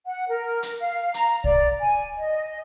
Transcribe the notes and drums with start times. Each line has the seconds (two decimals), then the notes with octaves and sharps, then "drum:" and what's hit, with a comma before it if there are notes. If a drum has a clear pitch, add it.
0.07 F#5
0.29 A#4
0.63 drum: hi-hat
0.80 F5
1.14 A#5, drum: hi-hat
1.44 D5, drum: kick
1.81 G#5
2.17 D#5